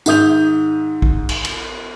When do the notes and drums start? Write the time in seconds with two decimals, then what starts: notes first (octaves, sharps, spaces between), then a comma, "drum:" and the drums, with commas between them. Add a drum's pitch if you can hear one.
0.06 G#2 D#3 E5 D#6 G6 F7, drum: tambourine
1.02 drum: kick A#1
1.29 drum: cymbal
1.45 drum: cymbal